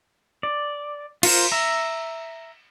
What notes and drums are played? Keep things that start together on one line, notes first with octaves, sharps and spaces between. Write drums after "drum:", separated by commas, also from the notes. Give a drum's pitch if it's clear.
D5
F4 A#4 C5, drum: cymbal
E5 A#5